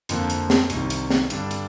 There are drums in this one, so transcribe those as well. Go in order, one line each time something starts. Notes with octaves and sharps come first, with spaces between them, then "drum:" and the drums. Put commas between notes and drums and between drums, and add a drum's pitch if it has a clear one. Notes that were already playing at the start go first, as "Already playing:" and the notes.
F2 D3 F3 A#3, drum: hi-hat
drum: hi-hat
drum: snare
C2 C3 D#3, drum: hi-hat
drum: hi-hat
drum: snare
G2 D3 G3 D4, drum: hi-hat
drum: hi-hat